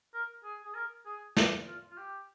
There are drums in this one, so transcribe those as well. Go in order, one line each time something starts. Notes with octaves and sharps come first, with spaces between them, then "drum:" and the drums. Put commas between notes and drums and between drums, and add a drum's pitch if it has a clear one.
A#4
G#4
G#4
A#4
G#4
G4, drum: snare
F4
F4
G4